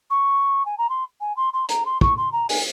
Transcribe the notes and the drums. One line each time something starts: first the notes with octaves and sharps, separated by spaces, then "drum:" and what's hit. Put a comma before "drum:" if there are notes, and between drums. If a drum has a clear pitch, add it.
C#6
G#5
A#5
C6
G#5
C6
C6
A#5, drum: hi-hat
C6
C#6, drum: kick
C6
A#5
G#5, drum: open hi-hat